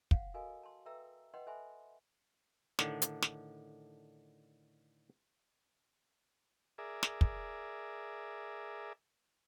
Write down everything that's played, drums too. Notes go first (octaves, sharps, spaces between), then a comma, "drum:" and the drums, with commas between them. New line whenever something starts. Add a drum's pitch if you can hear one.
F5 F#5, drum: kick
F#4 A4 A#4 D#5 F5 G#5
A5 C6
A4 B4 E5 G5 A#5 E6
B4 D#5 F#5 G5 C6
A4 C5 E5 G#5 B5 C6
A2 D3 D#3 D4, drum: snare
drum: hi-hat
drum: snare
G#4 A#4 D5 E5
drum: snare
drum: kick